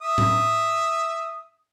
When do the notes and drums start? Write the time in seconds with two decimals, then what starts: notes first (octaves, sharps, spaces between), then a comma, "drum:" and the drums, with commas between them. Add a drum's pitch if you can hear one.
0.01 E5 D#6
0.18 drum: tom A2